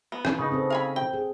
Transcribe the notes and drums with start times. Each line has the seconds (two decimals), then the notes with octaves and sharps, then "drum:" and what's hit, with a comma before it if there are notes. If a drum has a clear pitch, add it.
0.12 B3
0.25 drum: rim click
0.39 C#3 D#4
0.51 C4 A4
0.70 F5 G#5 B5
0.96 G5
1.13 G#4